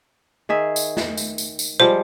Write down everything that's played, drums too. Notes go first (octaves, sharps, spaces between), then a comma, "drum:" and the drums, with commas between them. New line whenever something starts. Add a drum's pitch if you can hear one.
D#3 G#4 E5
drum: tambourine
drum: snare
drum: tambourine
drum: tambourine
drum: tambourine
F3 G3 G#3 C5